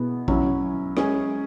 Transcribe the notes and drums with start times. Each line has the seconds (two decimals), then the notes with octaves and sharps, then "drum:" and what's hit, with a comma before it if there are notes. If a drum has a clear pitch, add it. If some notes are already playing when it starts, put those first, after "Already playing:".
Already playing: B2 B3 E4 G#4
0.28 F#3 C#4 E4, drum: kick A#1
0.97 G#3 C#4 G#4, drum: rim click